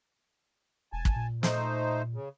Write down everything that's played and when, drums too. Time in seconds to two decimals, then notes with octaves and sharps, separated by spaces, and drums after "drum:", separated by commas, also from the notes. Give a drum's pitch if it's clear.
0.93 E1 G#5 A5
1.05 drum: kick
1.15 A#2
1.43 A3 D#4 C5, drum: snare
2.14 C#3